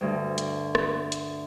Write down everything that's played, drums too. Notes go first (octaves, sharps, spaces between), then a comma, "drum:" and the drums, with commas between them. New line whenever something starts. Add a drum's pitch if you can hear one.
D2 G2
drum: hi-hat
drum: rim click
drum: hi-hat